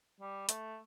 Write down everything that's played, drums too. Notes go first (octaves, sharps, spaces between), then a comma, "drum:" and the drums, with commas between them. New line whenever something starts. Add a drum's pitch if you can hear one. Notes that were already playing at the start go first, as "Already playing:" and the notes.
G3
A3, drum: hi-hat